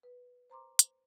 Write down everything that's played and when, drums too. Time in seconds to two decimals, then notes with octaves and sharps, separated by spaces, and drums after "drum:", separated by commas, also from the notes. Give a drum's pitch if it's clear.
0.03 B4
0.50 C5 A#5 C6 D6
0.79 drum: hi-hat